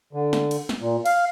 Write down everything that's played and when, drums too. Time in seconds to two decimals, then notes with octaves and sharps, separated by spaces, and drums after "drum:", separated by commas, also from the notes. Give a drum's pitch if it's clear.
0.13 D3
0.33 drum: snare
0.51 drum: cymbal
0.69 drum: snare
0.81 A#2
1.06 F5, drum: cymbal